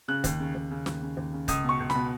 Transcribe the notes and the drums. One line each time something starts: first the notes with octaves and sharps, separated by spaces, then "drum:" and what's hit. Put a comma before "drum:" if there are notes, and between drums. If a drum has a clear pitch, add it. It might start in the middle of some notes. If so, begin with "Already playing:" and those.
C#3 F#6
D#2, drum: kick C#1, hi-hat
C#3
D#2
C#3
D#2, drum: snare
C#3
D#2
C#3
C#2 D#6, drum: kick C#1, hi-hat
B2
C#6
C#2
B5, drum: snare
B2